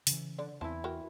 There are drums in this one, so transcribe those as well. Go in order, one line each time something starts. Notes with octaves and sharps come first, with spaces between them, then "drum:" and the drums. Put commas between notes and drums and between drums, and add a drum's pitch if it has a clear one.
C#3 E3, drum: open hi-hat
D3 D5
E2 E3 C4 E4 A5
F#4 A#4 G5